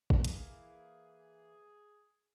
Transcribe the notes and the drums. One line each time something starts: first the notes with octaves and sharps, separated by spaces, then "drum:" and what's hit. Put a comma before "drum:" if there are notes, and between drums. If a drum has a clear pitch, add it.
drum: kick G#1
E3 A#3 G#4, drum: hi-hat